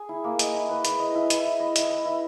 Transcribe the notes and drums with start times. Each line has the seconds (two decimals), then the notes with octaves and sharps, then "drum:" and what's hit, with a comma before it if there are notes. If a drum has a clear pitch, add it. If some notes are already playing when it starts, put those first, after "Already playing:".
Already playing: G#4
0.09 E4
0.24 A#3
0.39 D#5, drum: hi-hat
0.54 E4
0.69 B4
0.85 E4, drum: hi-hat
0.99 D#5
1.15 E4
1.30 B4, drum: hi-hat
1.45 E4
1.60 D#5
1.76 E4, drum: hi-hat
1.91 B4
2.05 E4